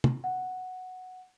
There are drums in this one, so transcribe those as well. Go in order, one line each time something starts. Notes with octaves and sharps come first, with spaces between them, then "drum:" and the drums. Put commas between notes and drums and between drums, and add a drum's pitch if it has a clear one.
drum: tom
F#5